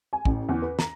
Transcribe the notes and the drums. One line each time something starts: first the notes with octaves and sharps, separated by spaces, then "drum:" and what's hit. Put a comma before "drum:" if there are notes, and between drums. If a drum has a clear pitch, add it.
G#5
A1, drum: kick
E2
B4
A#5, drum: snare